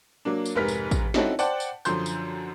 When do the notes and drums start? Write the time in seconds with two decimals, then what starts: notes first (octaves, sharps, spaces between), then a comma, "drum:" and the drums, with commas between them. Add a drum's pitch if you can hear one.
0.25 F#3 A#3 D4
0.46 drum: tambourine
0.55 F1 G#2 A#4 B4 F6 B6
0.68 drum: tambourine
0.91 drum: kick A1, tambourine
1.14 C4 C#4 D#4 E4 F#4 A4, drum: snare
1.39 C5 D5 F#5 G5 A5, drum: tambourine
1.60 drum: tambourine
1.85 F#2 D3 F3 C6 G6, drum: tambourine
2.06 drum: tambourine